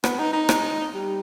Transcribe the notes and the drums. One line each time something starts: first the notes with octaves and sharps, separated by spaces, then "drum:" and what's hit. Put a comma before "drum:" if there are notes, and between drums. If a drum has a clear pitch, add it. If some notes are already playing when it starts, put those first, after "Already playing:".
B3, drum: rim click
D#4
D#4
drum: rim click
G3